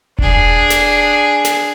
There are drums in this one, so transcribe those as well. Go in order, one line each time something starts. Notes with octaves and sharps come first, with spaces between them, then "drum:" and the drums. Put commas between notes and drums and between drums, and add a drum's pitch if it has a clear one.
D4 G#4, drum: kick E1
drum: snare
drum: snare